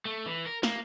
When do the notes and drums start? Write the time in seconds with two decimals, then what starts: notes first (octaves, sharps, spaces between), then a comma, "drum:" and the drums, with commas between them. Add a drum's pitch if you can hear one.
0.05 A3
0.26 E3
0.46 A#4
0.63 A#3, drum: snare